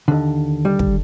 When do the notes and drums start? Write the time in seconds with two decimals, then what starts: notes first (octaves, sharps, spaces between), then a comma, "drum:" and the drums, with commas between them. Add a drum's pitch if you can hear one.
0.08 D#2 D3
0.65 G3
0.79 drum: kick